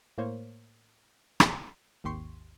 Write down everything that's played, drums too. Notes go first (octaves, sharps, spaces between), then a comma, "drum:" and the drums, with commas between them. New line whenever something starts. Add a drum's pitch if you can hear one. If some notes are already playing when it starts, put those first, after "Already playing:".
A2 A#3 C5 C#5
drum: rim click
G#1 D#2 G4 C6 C#6